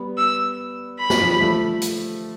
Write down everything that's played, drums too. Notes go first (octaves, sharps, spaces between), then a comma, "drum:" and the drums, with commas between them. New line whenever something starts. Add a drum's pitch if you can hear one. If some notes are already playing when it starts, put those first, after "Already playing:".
Already playing: G3 B3
E6
B5
drum: snare
F3
G3
F3 A3
drum: hi-hat